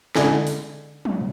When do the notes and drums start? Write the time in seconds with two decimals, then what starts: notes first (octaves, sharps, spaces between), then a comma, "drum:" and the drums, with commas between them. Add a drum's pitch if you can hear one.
0.16 D3 G#3 D4 E4 G#4 A4, drum: snare
0.47 drum: open hi-hat
1.05 drum: tom